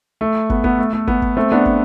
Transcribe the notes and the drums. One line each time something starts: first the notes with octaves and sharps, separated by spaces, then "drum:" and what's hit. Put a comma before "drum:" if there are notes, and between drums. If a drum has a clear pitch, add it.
A3
B3, drum: kick
B3, drum: kick
A3
A3
B3, drum: kick
drum: kick
A3 C4
B3 D4
drum: kick